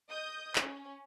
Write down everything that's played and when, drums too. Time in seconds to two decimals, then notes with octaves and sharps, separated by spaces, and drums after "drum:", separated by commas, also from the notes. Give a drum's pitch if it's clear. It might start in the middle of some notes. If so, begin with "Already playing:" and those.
0.11 D#5 D#6 G6
0.56 C#4, drum: clap